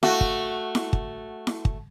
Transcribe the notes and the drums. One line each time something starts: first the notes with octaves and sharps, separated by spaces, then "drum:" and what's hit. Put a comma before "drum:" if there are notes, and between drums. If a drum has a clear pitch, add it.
A3 F#4, drum: snare E4
drum: kick
drum: snare E4
drum: kick
drum: snare E4
drum: kick